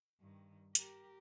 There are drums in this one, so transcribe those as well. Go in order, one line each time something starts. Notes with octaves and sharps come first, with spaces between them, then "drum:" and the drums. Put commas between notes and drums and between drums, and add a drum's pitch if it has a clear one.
G2 D#3
G4 A#4, drum: hi-hat